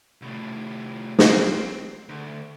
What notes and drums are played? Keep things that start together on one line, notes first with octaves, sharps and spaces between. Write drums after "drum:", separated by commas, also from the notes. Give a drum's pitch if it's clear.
C2 A2
C4, drum: snare
D2